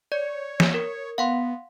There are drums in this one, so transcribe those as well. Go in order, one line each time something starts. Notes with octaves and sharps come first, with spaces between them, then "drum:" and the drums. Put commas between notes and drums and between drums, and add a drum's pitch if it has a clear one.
C#5 D5
drum: snare
A#4
B3 F5 F#5 C6